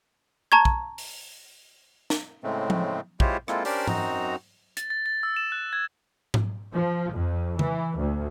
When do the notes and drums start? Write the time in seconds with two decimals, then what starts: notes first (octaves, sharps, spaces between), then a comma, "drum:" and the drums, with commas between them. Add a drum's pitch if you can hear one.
0.52 A5 A#5 C#6 G#6
0.65 drum: kick
0.98 drum: open hi-hat
2.10 drum: snare
2.44 A2 C#3 G#3 A3 C4
2.70 drum: tom F3
3.20 G#3 E4 F4 G4 C5 C#5, drum: kick
3.48 G#3 A#3 C4 E4 F4 A4, drum: rim click
3.65 C#4 D4 G4 A#4 C5 D5, drum: open hi-hat
3.87 F#2 C4 D#4 F#4 A#5, drum: tom G#2
4.77 A6, drum: hi-hat
4.90 A6
5.06 A6
5.23 E6
5.36 E7
5.52 F#6
5.73 G#6
6.34 drum: tom G#2
6.73 F3
7.13 F2
7.59 E3, drum: tom C#3
7.99 D2